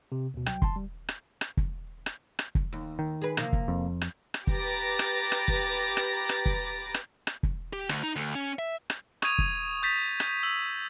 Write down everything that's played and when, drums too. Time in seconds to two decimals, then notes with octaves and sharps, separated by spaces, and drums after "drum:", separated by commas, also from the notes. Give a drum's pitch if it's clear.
0.12 C3
0.34 D2 B2
0.46 C2 F#3 G5, drum: rim click
0.62 A5 C6, drum: kick
0.76 G3
1.09 drum: rim click
1.41 drum: rim click
1.57 drum: kick
2.06 drum: rim click
2.39 drum: rim click
2.55 drum: kick
2.73 D#2
2.99 D#3
3.22 G#4 B4
3.37 C3 F3 A#3, drum: rim click
3.53 drum: kick
3.68 F2
4.01 drum: rim click
4.34 drum: rim click
4.47 G4 B4 A#5 D6 A6 A#6, drum: kick
4.99 drum: rim click
5.32 drum: rim click
5.48 drum: kick
5.97 drum: rim click
6.29 drum: rim click
6.46 drum: kick
6.94 drum: rim click
7.27 drum: rim click
7.43 drum: kick
7.73 G4
7.89 D2, drum: rim click
8.03 D#4
8.16 D2
8.35 C#4
8.59 E5
8.90 drum: rim click
9.22 C#6 D#6 G#6 D#7 F7, drum: rim click
9.38 drum: kick
9.83 C#6 G6 A6 B6 F7
10.20 drum: rim click
10.43 E6 F#7